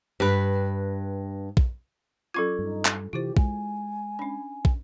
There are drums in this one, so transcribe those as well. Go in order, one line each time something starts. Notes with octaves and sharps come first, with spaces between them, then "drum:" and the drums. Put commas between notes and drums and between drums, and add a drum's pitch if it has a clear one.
G2 B4
drum: kick
F#3 C#4 F4 A4 C#6 G#6
G2 D#4
drum: clap
C3 E3 E4 F4 G4 C5
G#3 G#5, drum: kick
C#4 D4
drum: kick